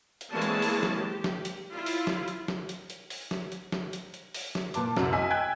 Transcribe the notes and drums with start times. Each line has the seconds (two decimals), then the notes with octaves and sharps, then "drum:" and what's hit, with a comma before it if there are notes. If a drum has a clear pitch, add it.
0.21 drum: hi-hat
0.32 E3 G#3 A#3 C4 C#5 A5
0.42 drum: hi-hat
0.62 drum: open hi-hat
0.83 drum: snare
0.96 G4
1.24 drum: snare
1.45 drum: hi-hat
1.73 E4 F4
1.86 drum: open hi-hat
2.07 drum: snare
2.28 drum: hi-hat
2.48 drum: snare
2.69 drum: hi-hat
2.90 drum: hi-hat
3.10 drum: open hi-hat
3.31 drum: snare
3.52 drum: hi-hat
3.72 drum: snare
3.93 drum: hi-hat
4.14 drum: hi-hat
4.34 drum: open hi-hat
4.55 drum: snare
4.74 A#2 B4 A5 D6, drum: hi-hat
4.97 C2 F#2 F#3, drum: snare
5.13 D#5 G#5 E6 B6
5.30 G5 G#5 F#6 G#6